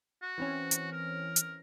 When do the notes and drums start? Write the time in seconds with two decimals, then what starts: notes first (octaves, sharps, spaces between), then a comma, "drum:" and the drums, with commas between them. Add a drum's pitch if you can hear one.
0.22 F#4
0.38 E3 C4 C#4
0.71 drum: hi-hat
0.92 A#4
1.36 drum: hi-hat